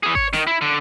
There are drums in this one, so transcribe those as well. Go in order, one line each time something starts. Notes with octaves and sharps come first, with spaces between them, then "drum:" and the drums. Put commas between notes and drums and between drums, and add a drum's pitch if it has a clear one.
E3 G#4
C#5, drum: kick G#1
D#3, drum: snare
E4
D3